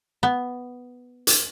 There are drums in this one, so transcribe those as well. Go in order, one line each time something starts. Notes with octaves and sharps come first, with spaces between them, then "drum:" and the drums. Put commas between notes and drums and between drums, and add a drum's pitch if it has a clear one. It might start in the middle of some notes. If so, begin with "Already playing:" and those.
B3
drum: hi-hat